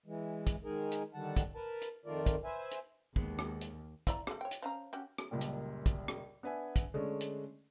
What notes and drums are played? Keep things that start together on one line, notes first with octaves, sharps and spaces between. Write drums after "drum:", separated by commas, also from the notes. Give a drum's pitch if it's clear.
E3 G#3
drum: kick, hi-hat
D#3 G#3 D#4 G#4 A#4
drum: hi-hat
D3 D#3 G3 F#5 A5
drum: kick, hi-hat
A#4 B4 A5
drum: hi-hat
F2 D#3 A3 F4 A#4 D5
drum: kick, hi-hat
B4 C5 E5 G#5
drum: hi-hat
D#2 G#3 B3, drum: kick
drum: rim click
drum: hi-hat
E4 D5 A#5, drum: kick, hi-hat
G3 A3, drum: rim click
C#5 G5
drum: hi-hat
F3 C#4 A#5
C#4 F#4 G4
drum: rim click
C#2 F#2 A#2 G3
drum: hi-hat
drum: kick, hi-hat
drum: rim click
B3 D4 B4 E5 G#5
drum: kick, hi-hat
D3 G#3 A3 C#4 D4
drum: hi-hat